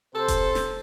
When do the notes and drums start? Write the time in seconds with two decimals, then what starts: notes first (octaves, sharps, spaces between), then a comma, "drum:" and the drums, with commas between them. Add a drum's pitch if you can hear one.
0.15 C3 A4 C5
0.28 drum: kick E1, hi-hat
0.55 drum: snare